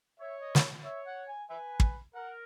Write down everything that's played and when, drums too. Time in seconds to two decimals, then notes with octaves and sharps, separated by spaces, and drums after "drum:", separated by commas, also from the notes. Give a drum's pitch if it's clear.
0.20 C#5 E5
0.41 D#5
0.55 drum: snare
0.85 C#5 E5
1.07 F#5
1.28 G#5
1.50 B4 E5 G#5
1.80 drum: kick
2.15 A#4 F#5